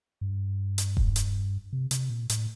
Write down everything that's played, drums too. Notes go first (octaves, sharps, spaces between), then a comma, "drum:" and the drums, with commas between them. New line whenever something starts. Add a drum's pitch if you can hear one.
G2
drum: hi-hat
drum: kick E1
drum: hi-hat
C3
C3, drum: hi-hat
A#2
A2, drum: hi-hat